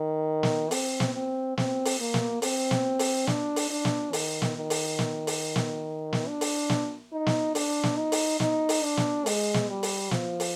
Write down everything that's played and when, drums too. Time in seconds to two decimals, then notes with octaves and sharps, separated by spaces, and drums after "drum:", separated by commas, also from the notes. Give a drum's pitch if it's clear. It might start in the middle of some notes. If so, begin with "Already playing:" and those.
Already playing: D#3
0.43 drum: snare
0.71 C4, drum: open hi-hat
1.00 drum: snare
1.14 C4
1.57 C4, drum: snare
1.85 drum: open hi-hat
2.00 A#3
2.14 drum: snare
2.42 C4, drum: open hi-hat
2.71 drum: snare
2.99 drum: open hi-hat
3.27 D4, drum: snare
3.56 drum: open hi-hat
3.70 D4
3.85 drum: snare
4.13 D#3, drum: open hi-hat
4.42 drum: snare
4.56 D#3
4.70 drum: open hi-hat
4.99 drum: snare
5.27 drum: open hi-hat
5.56 drum: snare
6.13 drum: snare
6.27 D4
6.41 drum: open hi-hat
6.70 drum: snare
7.13 D#4
7.26 drum: snare
7.55 D4, drum: open hi-hat
7.83 drum: snare
7.98 D#4
8.12 drum: open hi-hat
8.40 D#4, drum: snare
8.69 drum: open hi-hat
8.82 D4
8.97 drum: snare
9.26 G#3, drum: open hi-hat
9.54 drum: snare
9.68 G3
9.83 drum: open hi-hat
10.11 F3, drum: snare
10.40 drum: open hi-hat